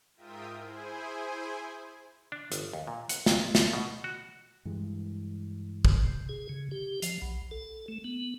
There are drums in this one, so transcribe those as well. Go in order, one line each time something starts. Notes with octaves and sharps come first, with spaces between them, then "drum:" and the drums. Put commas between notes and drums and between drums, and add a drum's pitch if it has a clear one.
G#2 F4 A#4 E5 G5 D#6
E4 G#4 C5 G#5
D4
G1, drum: hi-hat
D#2
A#2
F#5, drum: hi-hat
F2, drum: snare
A4, drum: snare
B2
F#4
G2 E3 G#3
drum: kick
C3
G#4
C#3
G4
F3, drum: hi-hat
B1
A4
A3
B3